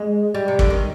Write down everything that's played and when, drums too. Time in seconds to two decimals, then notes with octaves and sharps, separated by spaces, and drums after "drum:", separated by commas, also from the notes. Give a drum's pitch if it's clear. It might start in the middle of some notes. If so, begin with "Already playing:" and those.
Already playing: G#3
0.34 G3
0.48 C3
0.59 D3, drum: kick
0.70 D#3